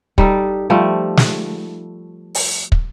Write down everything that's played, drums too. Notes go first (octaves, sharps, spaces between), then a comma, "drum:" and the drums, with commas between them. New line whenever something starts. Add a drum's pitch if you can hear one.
G3 D#4 A4, drum: kick
F3 G3 A3
drum: snare
drum: open hi-hat
drum: kick